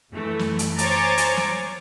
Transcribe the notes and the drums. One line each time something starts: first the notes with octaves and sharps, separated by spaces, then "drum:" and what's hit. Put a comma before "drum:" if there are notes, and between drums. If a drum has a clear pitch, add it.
F#2 E3 A3
drum: snare
drum: hi-hat
C5 C#5 G#5 A#5 D6 A6, drum: hi-hat
drum: hi-hat
drum: snare